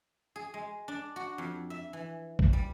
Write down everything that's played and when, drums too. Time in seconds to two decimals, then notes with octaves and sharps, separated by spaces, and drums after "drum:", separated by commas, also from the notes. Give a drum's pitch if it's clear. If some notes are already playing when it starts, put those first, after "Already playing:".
0.36 G#4
0.54 G#3
0.88 D4
1.16 F#4
1.38 F2
1.70 E5
1.93 E3
2.39 drum: kick A#1
2.53 G3